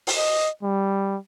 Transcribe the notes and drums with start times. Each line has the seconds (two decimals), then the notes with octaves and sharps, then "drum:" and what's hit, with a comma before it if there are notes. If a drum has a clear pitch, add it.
0.07 drum: open hi-hat
0.16 D#5
0.63 G3